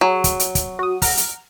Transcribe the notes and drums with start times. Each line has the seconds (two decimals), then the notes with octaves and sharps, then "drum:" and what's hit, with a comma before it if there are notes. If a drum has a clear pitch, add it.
0.01 F#3 G#4 C#5
0.24 drum: kick, hi-hat
0.40 drum: hi-hat
0.55 drum: kick, hi-hat
0.79 F#4 D#6
1.02 F#5 A#5 F6, drum: kick, open hi-hat
1.17 drum: hi-hat